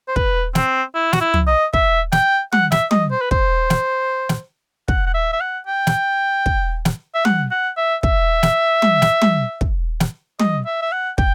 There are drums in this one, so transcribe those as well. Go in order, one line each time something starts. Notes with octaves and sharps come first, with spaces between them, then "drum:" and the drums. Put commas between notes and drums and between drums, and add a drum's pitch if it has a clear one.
C5
B4, drum: kick
C4, drum: snare
E4
F#4, drum: snare
E4
drum: tom
D#5
E5, drum: kick
G5, drum: snare
F#5, drum: tom
E5, drum: snare
D#5, drum: tom
C5
B4
C5, drum: kick
drum: snare
drum: snare
F#5, drum: kick
F#5
E5
E5
F#5
G5
drum: snare
drum: kick
drum: snare
E5
F#5, drum: tom
F#5
E5
E5, drum: kick
drum: snare
drum: tom
drum: snare
drum: tom
drum: kick
drum: snare
D#5, drum: tom
E5
E5
F#5
G5, drum: kick